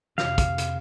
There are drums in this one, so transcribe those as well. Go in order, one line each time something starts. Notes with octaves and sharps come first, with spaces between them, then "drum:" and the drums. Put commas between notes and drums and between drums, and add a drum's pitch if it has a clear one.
F2 C3 F5, drum: snare
drum: kick, hi-hat
drum: hi-hat